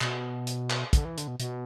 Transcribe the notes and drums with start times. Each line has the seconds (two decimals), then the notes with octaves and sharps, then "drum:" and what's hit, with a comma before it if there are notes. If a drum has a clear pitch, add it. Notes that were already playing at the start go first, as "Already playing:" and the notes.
0.01 B2, drum: clap
0.47 drum: hi-hat
0.70 drum: clap
0.93 D3, drum: kick, hi-hat
1.05 E3
1.18 D3, drum: hi-hat
1.27 B2
1.40 B2, drum: hi-hat